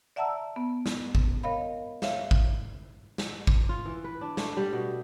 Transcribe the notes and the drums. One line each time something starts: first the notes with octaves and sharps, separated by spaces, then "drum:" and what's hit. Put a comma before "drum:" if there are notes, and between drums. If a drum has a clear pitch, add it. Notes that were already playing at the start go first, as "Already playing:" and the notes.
D5 E5 F#5 A5 A#5 E6
B3
drum: snare
drum: kick
A#4 C#5 D#5 F5 B5
C#5 E5 F5, drum: snare
drum: kick
drum: snare
drum: kick
F4
E3
B4
D4
A3, drum: snare
G3
B2